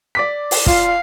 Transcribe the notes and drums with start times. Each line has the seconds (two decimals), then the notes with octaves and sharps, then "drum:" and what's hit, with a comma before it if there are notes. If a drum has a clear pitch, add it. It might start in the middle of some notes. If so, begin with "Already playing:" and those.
0.15 D5 D6 B6
0.51 drum: open hi-hat
0.66 F4 F5, drum: kick